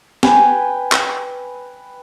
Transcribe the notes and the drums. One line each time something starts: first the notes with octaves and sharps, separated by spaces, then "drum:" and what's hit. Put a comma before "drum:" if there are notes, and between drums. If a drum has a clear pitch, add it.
B4 G5 G#5, drum: snare
drum: clap